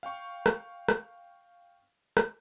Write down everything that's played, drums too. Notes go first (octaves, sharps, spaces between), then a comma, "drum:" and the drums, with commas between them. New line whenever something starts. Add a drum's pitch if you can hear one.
F5 G5 C#6
drum: rim click
drum: rim click
drum: rim click